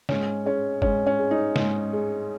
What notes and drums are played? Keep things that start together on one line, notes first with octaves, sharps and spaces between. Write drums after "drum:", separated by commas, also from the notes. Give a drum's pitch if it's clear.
G#2 C#4, drum: snare
G#3 C#4
G#2 C#4, drum: kick F#1
C#4
G#3
D#4
G#2, drum: snare
G#3